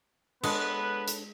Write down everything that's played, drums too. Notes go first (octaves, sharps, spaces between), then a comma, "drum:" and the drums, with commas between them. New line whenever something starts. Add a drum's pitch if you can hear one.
G#3 B3 D4 A4 B4 C#5, drum: cymbal
drum: hi-hat